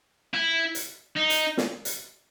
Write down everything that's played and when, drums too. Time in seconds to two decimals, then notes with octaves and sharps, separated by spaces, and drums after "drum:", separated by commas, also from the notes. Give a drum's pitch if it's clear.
0.34 E4
0.75 drum: hi-hat
1.16 D#4
1.30 drum: hi-hat
1.57 drum: snare
1.85 drum: hi-hat